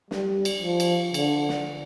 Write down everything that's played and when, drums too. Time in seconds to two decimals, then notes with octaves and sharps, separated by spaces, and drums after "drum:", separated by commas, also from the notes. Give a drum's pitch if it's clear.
0.11 G3, drum: snare
0.45 drum: cymbal
0.62 F3
0.80 drum: cymbal
1.14 D3, drum: cymbal
1.49 drum: snare